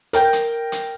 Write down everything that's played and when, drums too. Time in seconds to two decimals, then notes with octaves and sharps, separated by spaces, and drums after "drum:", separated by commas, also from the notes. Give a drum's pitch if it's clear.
0.13 A#4 G5 G6, drum: hi-hat
0.33 drum: hi-hat
0.72 drum: hi-hat